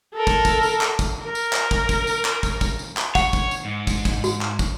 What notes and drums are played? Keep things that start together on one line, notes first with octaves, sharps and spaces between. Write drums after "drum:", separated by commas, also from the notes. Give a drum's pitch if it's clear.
A4 A#4
drum: kick, tambourine
drum: kick, tambourine
drum: tambourine
drum: clap
drum: kick, tambourine
A#4
drum: tambourine
drum: clap
drum: kick, tambourine
drum: kick, tambourine
drum: tambourine
drum: clap
drum: kick, tambourine
drum: kick, tambourine
drum: tambourine
drum: clap
C#5 F#5, drum: kick, tambourine
drum: kick, tambourine
drum: tambourine
G#2
drum: kick, tambourine
drum: kick, tambourine
F#4, drum: tambourine
drum: clap
drum: kick, tambourine